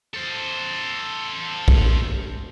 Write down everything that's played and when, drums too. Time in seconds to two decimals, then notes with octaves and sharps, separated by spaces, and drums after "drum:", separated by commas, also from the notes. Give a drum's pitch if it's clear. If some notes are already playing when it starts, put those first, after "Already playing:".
0.14 A4 C5
1.68 drum: kick